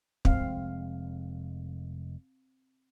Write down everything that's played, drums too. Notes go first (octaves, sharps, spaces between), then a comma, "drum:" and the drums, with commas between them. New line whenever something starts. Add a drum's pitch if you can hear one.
F1 G#3 C4 F5, drum: kick